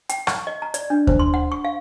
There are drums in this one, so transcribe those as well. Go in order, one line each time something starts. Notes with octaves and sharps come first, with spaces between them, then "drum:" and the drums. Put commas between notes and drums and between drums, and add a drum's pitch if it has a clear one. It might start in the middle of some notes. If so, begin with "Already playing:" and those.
G5, drum: hi-hat
C#6, drum: rim click
D#5
A#5
D5, drum: hi-hat
D4
C5, drum: kick D#2
C6
F#5
C#6
F5